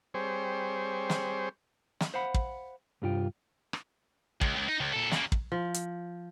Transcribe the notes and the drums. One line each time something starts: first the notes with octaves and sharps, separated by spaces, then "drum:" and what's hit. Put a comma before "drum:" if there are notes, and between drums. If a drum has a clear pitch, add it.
G3 C4 G#4 C5 C#5
drum: snare
drum: snare
C5 F5 F#5 B5
drum: kick
C2 G2 F4 G5
drum: rim click
C#2, drum: kick
C#2
D#4
C#2
A#2 A4
C#3 A#3, drum: snare
drum: kick
F3
drum: hi-hat